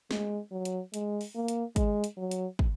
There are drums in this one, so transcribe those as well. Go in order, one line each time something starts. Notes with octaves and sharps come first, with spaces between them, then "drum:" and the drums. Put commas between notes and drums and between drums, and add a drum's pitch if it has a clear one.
G#3, drum: snare
F#3
drum: hi-hat
G#3, drum: hi-hat
drum: open hi-hat
A#3
drum: hi-hat
G#3, drum: kick, hi-hat
drum: hi-hat
F#3
drum: hi-hat
drum: kick